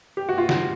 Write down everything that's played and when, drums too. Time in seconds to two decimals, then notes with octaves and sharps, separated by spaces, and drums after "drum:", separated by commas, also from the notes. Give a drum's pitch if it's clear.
0.17 G4
0.29 F#4
0.38 F4
0.49 F#4, drum: snare